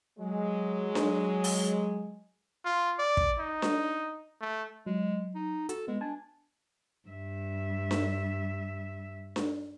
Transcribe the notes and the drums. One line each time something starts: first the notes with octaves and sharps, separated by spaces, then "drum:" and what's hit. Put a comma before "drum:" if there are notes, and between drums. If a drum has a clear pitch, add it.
F#3 G#3
drum: snare D4
drum: open hi-hat
F4
D5
drum: kick
D#4
drum: snare D4
A3
F#3 G#3
D#4
F#4 A4, drum: hi-hat
G#3 B3
D4 G#5 A5
G2 E5
drum: snare D4
drum: snare D4